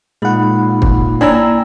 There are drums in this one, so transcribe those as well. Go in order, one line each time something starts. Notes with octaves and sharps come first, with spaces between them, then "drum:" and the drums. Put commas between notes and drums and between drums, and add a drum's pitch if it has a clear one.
A#2 G#3 D#4 F#5 B5
drum: kick
A#3 D4 E4 C#5 G5 G#5 A#5 E6